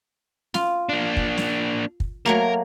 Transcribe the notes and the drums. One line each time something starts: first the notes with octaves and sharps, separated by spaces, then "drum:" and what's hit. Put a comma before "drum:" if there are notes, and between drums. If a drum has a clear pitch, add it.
F4, drum: snare
A#3 D4
drum: kick
drum: snare
drum: kick
F#3 A3 A#3 A#4 A#5